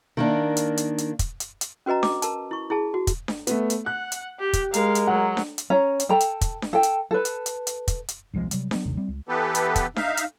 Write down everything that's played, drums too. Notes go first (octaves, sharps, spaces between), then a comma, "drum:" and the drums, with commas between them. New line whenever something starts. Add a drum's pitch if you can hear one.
D#3 A#3 D4
drum: hi-hat
drum: hi-hat
drum: hi-hat
drum: kick, hi-hat
drum: hi-hat
drum: hi-hat
C#4 F#4 B4 D#5 A#5
D6, drum: snare D4
A#4 A5, drum: hi-hat
E4 C#6
E4 G#4 A5
F#4
drum: kick, hi-hat
drum: snare D4
A3 B3, drum: hi-hat
drum: hi-hat
F#5 F#6
drum: hi-hat
G4
drum: kick, hi-hat
G#3 A#4 F5, drum: hi-hat
drum: hi-hat
F#3 F#5
drum: snare D4
drum: hi-hat
C#4 A#5
drum: hi-hat
A4 G5 A#5
drum: hi-hat
drum: kick, hi-hat
drum: snare D4
A4 G5
drum: hi-hat
A4 B4
drum: hi-hat
drum: hi-hat
drum: hi-hat
drum: kick, hi-hat
drum: hi-hat
D#1 C2 F3 G#3
C3 F#3 G3, drum: hi-hat
F#3 B3, drum: snare D4
D#1 G#1 D#2 C3
G3 C4
C#2
E3 B3 G4 A4 B4
drum: hi-hat
drum: kick, hi-hat
D#4 E5 F5, drum: snare D4
drum: hi-hat